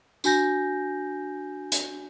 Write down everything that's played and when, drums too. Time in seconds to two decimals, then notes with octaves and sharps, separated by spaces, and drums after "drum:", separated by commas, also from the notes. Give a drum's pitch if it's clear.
0.24 D4 F#4 G#5 G6 A#6, drum: tambourine
1.72 drum: hi-hat